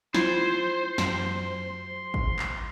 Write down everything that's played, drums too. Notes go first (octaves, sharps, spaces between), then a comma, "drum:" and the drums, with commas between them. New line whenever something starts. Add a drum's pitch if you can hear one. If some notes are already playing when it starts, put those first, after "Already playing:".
E4 F4 C5 C6, drum: snare
F#2, drum: snare
drum: kick G#1
drum: clap